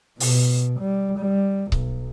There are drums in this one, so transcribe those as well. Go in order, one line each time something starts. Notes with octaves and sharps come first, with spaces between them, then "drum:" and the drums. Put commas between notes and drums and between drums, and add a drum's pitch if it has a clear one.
B2, drum: open hi-hat
G3
G3
B1, drum: kick C#1